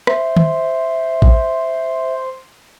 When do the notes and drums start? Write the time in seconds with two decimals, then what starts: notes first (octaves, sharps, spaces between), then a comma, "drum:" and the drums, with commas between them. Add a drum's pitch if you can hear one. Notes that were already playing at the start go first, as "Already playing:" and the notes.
0.07 C5 E5, drum: rim click
0.36 drum: tom D#3
1.22 drum: kick A1